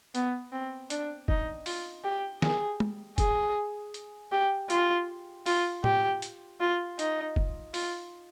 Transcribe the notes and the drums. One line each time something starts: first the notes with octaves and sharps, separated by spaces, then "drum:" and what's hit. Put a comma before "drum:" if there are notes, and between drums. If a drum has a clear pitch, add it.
B3, drum: hi-hat
C4
D4, drum: hi-hat
D#4, drum: kick
F4, drum: open hi-hat
G4
G#4, drum: snare
drum: tom
G#4, drum: kick, hi-hat
drum: hi-hat
G4
F4, drum: hi-hat
F4, drum: open hi-hat
G4, drum: tom A2
drum: hi-hat
F4
D#4, drum: hi-hat
drum: kick
F4, drum: open hi-hat